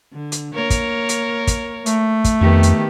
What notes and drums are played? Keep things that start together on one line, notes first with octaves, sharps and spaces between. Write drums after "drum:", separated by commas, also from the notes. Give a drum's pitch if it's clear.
D3
drum: hi-hat
A#3 A#4 C#5
drum: kick, hi-hat
drum: hi-hat
drum: kick, hi-hat
A3, drum: hi-hat
drum: kick, hi-hat
F2 D#3 B3 G4
drum: hi-hat